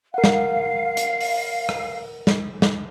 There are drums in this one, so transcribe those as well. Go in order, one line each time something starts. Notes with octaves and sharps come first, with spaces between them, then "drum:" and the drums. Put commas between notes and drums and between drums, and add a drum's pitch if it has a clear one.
A#4 F5 F#5
drum: snare
drum: hi-hat
drum: open hi-hat
drum: rim click
drum: snare
drum: snare